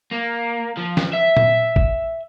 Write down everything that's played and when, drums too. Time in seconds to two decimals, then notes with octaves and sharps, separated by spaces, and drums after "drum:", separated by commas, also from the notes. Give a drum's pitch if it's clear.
0.12 A#3
0.77 F3
0.97 drum: snare
1.13 E5
1.37 drum: tom A#2
1.76 drum: kick